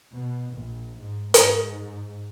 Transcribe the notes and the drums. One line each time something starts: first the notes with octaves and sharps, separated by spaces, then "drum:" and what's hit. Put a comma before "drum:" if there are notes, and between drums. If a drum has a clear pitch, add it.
B2
A#1
G#2
G#2, drum: hi-hat